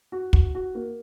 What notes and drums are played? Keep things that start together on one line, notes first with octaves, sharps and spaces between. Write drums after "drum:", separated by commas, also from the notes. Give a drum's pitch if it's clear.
F#4
F#4, drum: kick
F#4
A#3